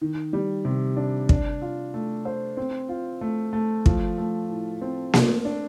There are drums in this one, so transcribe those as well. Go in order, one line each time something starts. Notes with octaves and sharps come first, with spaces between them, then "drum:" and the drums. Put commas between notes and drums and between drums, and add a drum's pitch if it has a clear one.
D#3
G3
C3
D4
D4, drum: kick
F4
A3
C5
C4
F4
A3
A3
F3, drum: kick
A3
A2
C4
A3, drum: snare A#3
D4